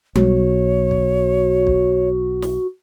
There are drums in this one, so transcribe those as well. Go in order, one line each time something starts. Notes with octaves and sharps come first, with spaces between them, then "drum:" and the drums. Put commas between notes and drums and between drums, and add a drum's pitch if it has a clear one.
B1 F#4 C#5, drum: tom G3
drum: kick
drum: kick
drum: snare